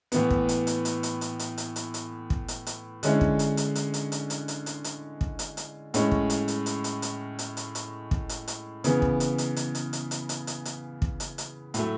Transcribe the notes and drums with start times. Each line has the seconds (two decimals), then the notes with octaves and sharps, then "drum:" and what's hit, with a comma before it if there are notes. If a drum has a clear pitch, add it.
0.12 A2 E3 B3, drum: hi-hat
0.30 drum: kick
0.49 drum: hi-hat
0.67 drum: hi-hat
0.85 drum: hi-hat
1.03 drum: hi-hat
1.21 drum: hi-hat
1.39 drum: hi-hat
1.58 drum: hi-hat
1.76 drum: hi-hat
1.94 drum: hi-hat
2.30 drum: kick
2.48 drum: hi-hat
2.67 drum: hi-hat
3.03 D3 G#3 C#4 E4, drum: hi-hat
3.21 drum: kick
3.39 drum: hi-hat
3.57 drum: hi-hat
3.75 drum: hi-hat
3.94 drum: hi-hat
4.12 drum: hi-hat
4.30 drum: hi-hat
4.48 drum: hi-hat
4.66 drum: hi-hat
4.84 drum: hi-hat
5.21 drum: kick
5.39 drum: hi-hat
5.57 drum: hi-hat
5.94 A2 G#3 C#4, drum: hi-hat
6.11 drum: kick
6.30 drum: hi-hat
6.48 drum: hi-hat
6.66 drum: hi-hat
6.84 drum: hi-hat
7.02 drum: hi-hat
7.39 drum: hi-hat
7.57 drum: hi-hat
7.75 drum: hi-hat
8.11 drum: kick
8.29 drum: hi-hat
8.48 drum: hi-hat
8.84 C#3 E3 B3, drum: hi-hat
9.02 drum: kick
9.20 drum: hi-hat
9.38 drum: hi-hat
9.56 drum: hi-hat
9.75 drum: hi-hat
9.93 drum: hi-hat
10.11 drum: hi-hat
10.29 drum: hi-hat
10.47 drum: hi-hat
10.65 drum: hi-hat
11.02 drum: kick
11.20 drum: hi-hat
11.38 drum: hi-hat
11.74 A2 F#3 A3, drum: hi-hat